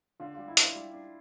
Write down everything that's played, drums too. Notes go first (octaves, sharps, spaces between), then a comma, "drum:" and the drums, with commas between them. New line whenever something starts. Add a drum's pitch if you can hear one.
D3 F4
F4
G3
E4
D4 F4, drum: hi-hat
G3
D4